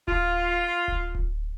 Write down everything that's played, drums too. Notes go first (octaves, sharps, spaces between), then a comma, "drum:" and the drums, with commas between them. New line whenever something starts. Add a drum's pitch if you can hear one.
F4, drum: kick D1
drum: kick D1
drum: kick D1